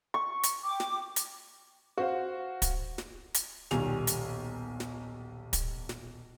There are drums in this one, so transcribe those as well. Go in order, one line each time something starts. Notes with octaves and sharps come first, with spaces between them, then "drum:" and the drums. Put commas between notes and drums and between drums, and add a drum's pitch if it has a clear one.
C#6
drum: hi-hat
G5 D6
drum: snare
drum: hi-hat
F#4 C5 F5
drum: kick, hi-hat
drum: snare
drum: hi-hat
D#1 B1 D#3 G3 G#5 F7, drum: snare
drum: hi-hat
drum: snare
drum: kick, hi-hat
drum: snare